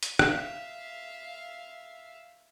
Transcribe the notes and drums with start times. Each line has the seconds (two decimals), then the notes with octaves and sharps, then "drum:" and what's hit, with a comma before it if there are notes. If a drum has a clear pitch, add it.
0.03 drum: hi-hat
0.19 E5 F5, drum: rim click